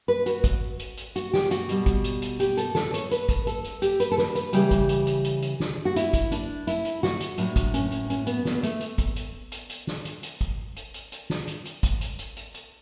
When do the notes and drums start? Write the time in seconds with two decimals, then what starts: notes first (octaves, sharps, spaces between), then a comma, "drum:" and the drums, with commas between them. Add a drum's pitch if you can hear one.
0.08 B4
0.26 F#4, drum: hi-hat
0.44 drum: kick, hi-hat
0.79 drum: hi-hat
0.97 drum: hi-hat
1.16 F#4, drum: hi-hat
1.33 G4, drum: snare
1.51 F#4, drum: hi-hat
1.69 B2 G3, drum: hi-hat
1.86 drum: kick, hi-hat
2.04 drum: hi-hat
2.22 drum: hi-hat
2.40 G4, drum: hi-hat
2.57 A4, drum: hi-hat
2.75 A4, drum: snare
2.94 C#5, drum: hi-hat
3.11 B4, drum: hi-hat
3.29 drum: kick, hi-hat
3.47 A4, drum: hi-hat
3.64 drum: hi-hat
3.82 G4, drum: hi-hat
4.00 B4, drum: hi-hat
4.12 A4
4.18 B4, drum: snare
4.35 B4, drum: hi-hat
4.53 C#3 E3 G3 G4, drum: hi-hat
4.71 drum: kick, hi-hat
4.89 drum: hi-hat
5.07 drum: hi-hat
5.24 drum: hi-hat
5.42 drum: hi-hat
5.60 drum: snare
5.85 F#4
5.96 E4, drum: hi-hat
6.13 drum: kick, hi-hat
6.32 D4, drum: hi-hat
6.67 E4, drum: hi-hat
6.85 drum: hi-hat
7.03 F#4, drum: snare
7.20 drum: hi-hat
7.38 A2 F#3 D4, drum: hi-hat
7.56 drum: kick, hi-hat
7.74 C#4, drum: hi-hat
7.92 drum: hi-hat
8.10 C#4, drum: hi-hat
8.27 B3, drum: hi-hat
8.45 B3, drum: snare
8.63 A3, drum: hi-hat
8.81 drum: hi-hat
8.98 drum: kick, hi-hat
9.16 drum: hi-hat
9.52 drum: hi-hat
9.70 drum: hi-hat
9.87 drum: snare
10.05 drum: hi-hat
10.23 drum: hi-hat
10.41 drum: kick, hi-hat
10.76 drum: hi-hat
10.94 drum: hi-hat
11.12 drum: hi-hat
11.30 drum: snare
11.48 drum: hi-hat
11.65 drum: hi-hat
11.83 drum: kick, hi-hat
12.01 drum: hi-hat
12.19 drum: hi-hat
12.37 drum: hi-hat
12.54 drum: hi-hat